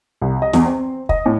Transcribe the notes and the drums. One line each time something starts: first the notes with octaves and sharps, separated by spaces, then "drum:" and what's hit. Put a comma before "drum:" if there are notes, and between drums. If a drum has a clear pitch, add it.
C2
D#5
E2, drum: snare
C4
D#5, drum: kick
A2